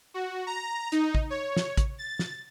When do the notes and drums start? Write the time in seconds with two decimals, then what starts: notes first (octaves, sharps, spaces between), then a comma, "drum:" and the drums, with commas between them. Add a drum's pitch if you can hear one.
0.14 F#4
0.47 A#5
0.92 D#4, drum: hi-hat
1.15 drum: kick A1
1.30 C#5
1.56 drum: snare
1.77 drum: kick A1, hi-hat
1.98 A6
2.19 drum: snare